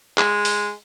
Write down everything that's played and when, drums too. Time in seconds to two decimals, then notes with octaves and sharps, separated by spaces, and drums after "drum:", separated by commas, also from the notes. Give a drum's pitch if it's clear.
0.18 G#3, drum: clap
0.45 drum: open hi-hat